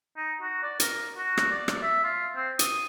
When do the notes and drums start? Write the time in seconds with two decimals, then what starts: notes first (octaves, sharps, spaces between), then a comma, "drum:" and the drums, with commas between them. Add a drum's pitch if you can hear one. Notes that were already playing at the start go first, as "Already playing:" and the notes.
0.17 D#4
0.42 F#4
0.63 D5
0.80 A#4, drum: hi-hat
1.17 F#4
1.37 drum: rim click
1.51 D5
1.68 drum: rim click
1.83 E5
2.04 F4
2.36 C4
2.59 D#6, drum: hi-hat